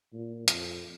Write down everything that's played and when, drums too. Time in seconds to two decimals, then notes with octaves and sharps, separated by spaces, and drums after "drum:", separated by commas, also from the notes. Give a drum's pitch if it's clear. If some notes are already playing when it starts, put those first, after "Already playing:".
0.13 A#2
0.48 F2, drum: hi-hat